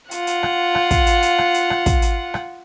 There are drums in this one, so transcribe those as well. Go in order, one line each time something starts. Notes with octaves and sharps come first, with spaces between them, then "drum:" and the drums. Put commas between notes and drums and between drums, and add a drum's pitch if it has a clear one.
F4 F#5, drum: hi-hat
drum: hi-hat
drum: rim click
drum: rim click
drum: kick, hi-hat
drum: hi-hat
drum: hi-hat
drum: rim click
drum: hi-hat
drum: rim click
drum: kick, hi-hat
drum: hi-hat
drum: rim click